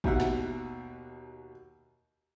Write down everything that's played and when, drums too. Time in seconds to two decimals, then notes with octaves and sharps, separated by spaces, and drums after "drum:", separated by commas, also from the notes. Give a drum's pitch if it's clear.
0.04 D#2 B2 E5 F#5, drum: kick
0.20 drum: snare